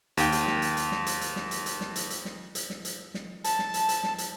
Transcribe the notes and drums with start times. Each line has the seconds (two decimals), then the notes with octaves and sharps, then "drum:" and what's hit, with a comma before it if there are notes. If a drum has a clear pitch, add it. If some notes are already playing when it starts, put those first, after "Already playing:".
0.17 D#2 G5, drum: hi-hat
0.32 drum: hi-hat
0.47 drum: snare
0.62 drum: hi-hat
0.77 drum: hi-hat
0.92 drum: snare
1.06 drum: hi-hat
1.21 drum: hi-hat
1.36 drum: snare
1.51 drum: hi-hat
1.66 drum: hi-hat
1.81 drum: snare
1.96 drum: hi-hat
2.10 drum: hi-hat
2.25 drum: snare
2.55 drum: hi-hat
2.70 drum: snare
2.85 drum: hi-hat
3.14 drum: snare
3.44 A5, drum: hi-hat
3.59 drum: snare
3.74 drum: hi-hat
3.89 drum: hi-hat
4.03 drum: snare
4.18 drum: hi-hat